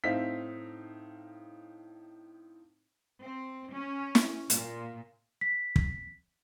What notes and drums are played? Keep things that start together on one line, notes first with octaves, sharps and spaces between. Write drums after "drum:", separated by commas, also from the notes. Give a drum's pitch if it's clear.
A2 C4 D#4 E5 F5 B6
C4
C#4
drum: snare
A#2, drum: hi-hat
B6
drum: kick